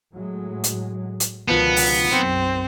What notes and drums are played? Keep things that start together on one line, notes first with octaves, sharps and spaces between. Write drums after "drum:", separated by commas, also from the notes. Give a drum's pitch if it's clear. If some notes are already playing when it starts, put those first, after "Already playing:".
A2 F#3 G#3
drum: hi-hat
drum: hi-hat
C#2 B2 D3 D#3 F3 B3
drum: open hi-hat
B1 F#2 C4 C#7